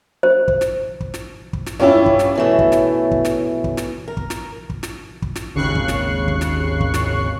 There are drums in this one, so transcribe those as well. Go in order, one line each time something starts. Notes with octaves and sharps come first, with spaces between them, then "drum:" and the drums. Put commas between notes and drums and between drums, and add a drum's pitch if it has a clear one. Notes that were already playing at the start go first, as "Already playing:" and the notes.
C5
drum: kick
drum: snare
drum: kick
drum: snare
drum: kick
drum: snare
G2 C#4 E4 F4 G4
drum: kick
drum: snare
B2 E3 A3
drum: kick
drum: snare
drum: kick
drum: snare
drum: kick
drum: snare
A#4
drum: kick
drum: snare
drum: kick
drum: snare
drum: kick
drum: snare
G#1 D#2 C#3 C#6 F#6 C7
drum: kick
drum: snare
drum: kick
drum: snare
drum: kick
drum: snare